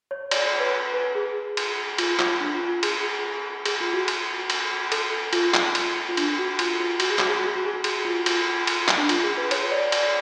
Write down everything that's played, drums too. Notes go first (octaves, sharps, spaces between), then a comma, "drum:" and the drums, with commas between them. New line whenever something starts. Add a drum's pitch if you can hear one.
C#5
D5, drum: cymbal
C#5
B4
B4
G#4
drum: cymbal
F4, drum: cymbal
F4, drum: clap
D4
F4
F4
G#4, drum: cymbal
G#4, drum: cymbal
F4
F#4
drum: cymbal
drum: cymbal
A4, drum: cymbal
F4, drum: cymbal
drum: clap
drum: cymbal
F4
D4, drum: cymbal
F#4
F4, drum: cymbal
F4
F#4, drum: cymbal
G#4
F#4, drum: clap
G#4
F#4
G#4
F#4
G#4
F#4
F#4, drum: cymbal
F4
F4, drum: cymbal
drum: cymbal
drum: clap
D4
F4, drum: cymbal
G#4
B4
C#5, drum: cymbal
D5
D5, drum: cymbal